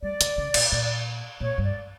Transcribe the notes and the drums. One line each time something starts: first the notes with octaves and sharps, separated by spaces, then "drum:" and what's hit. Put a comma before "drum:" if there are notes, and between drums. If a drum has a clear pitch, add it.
G3 D5
D3, drum: hi-hat
C#3
A#2, drum: cymbal
A#2
A#2 C#5
G2
D5